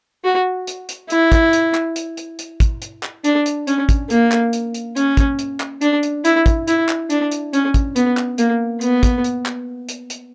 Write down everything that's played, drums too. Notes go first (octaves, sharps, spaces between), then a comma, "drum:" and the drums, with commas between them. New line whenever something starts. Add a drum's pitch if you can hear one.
F#4
drum: hi-hat
drum: hi-hat
E4, drum: hi-hat
drum: kick, hi-hat
drum: hi-hat
drum: clap
drum: hi-hat
drum: hi-hat
drum: hi-hat
drum: kick, hi-hat
drum: hi-hat
drum: clap
D4, drum: hi-hat
drum: hi-hat
C#4, drum: hi-hat
drum: kick, hi-hat
A#3, drum: hi-hat
drum: clap
drum: hi-hat
drum: hi-hat
C#4, drum: hi-hat
drum: kick, hi-hat
drum: hi-hat
drum: clap
D4, drum: hi-hat
drum: hi-hat
E4, drum: hi-hat
drum: kick, hi-hat
E4, drum: hi-hat
drum: clap
D4, drum: hi-hat
drum: hi-hat
C#4, drum: hi-hat
drum: kick, hi-hat
B3, drum: hi-hat
drum: clap
A#3, drum: hi-hat
B3, drum: hi-hat
drum: kick, hi-hat
drum: hi-hat
drum: clap
drum: hi-hat
drum: hi-hat